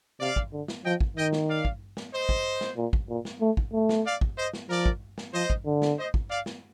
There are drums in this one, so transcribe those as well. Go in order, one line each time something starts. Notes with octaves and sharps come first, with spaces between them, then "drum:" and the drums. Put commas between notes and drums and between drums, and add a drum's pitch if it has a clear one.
C3 D5 F5
drum: kick
D3
drum: snare
F3 D#5 G5
drum: kick
D#3 D#5 G5
drum: snare
D5 F5
drum: kick
drum: snare
C5 D#5
drum: kick
drum: snare
A#2
drum: kick
A#2
drum: snare
A3
drum: kick
A3
drum: snare
D5 F5
drum: kick
C5 D#5
drum: snare
F3 A#4 D5
drum: kick
drum: snare
F3 C5 D#5
drum: kick
D3
drum: snare
C5 D#5
drum: kick
D5 F5
drum: snare